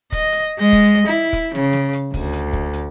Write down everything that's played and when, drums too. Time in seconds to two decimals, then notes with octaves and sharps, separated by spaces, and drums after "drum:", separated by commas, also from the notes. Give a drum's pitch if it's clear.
0.12 D#5, drum: kick, hi-hat
0.32 drum: hi-hat
0.58 G#3 D#5
0.73 drum: kick, hi-hat
1.07 E4
1.33 drum: kick, hi-hat
1.55 C#3, drum: snare
1.73 drum: snare
1.93 drum: hi-hat
2.14 D2, drum: kick, open hi-hat
2.33 drum: hi-hat
2.53 drum: kick
2.73 drum: hi-hat